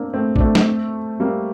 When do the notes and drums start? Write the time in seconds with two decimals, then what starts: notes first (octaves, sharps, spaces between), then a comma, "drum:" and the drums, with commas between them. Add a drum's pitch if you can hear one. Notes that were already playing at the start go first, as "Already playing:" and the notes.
Already playing: A#3 C4 D4
0.14 A3 C4
0.36 D4, drum: kick A1
0.40 A3 C4
0.55 drum: snare
1.20 G3 A#3